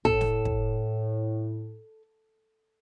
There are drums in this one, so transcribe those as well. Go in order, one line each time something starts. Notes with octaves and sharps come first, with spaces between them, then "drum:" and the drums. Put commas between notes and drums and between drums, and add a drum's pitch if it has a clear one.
A2 A4, drum: kick
drum: snare
drum: kick